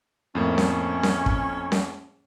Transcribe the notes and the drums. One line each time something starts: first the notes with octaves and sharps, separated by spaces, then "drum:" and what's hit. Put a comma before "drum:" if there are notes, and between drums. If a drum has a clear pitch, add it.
F2 A2 A#3 C#4
drum: snare C#4
drum: snare C#4
drum: kick
drum: snare C#4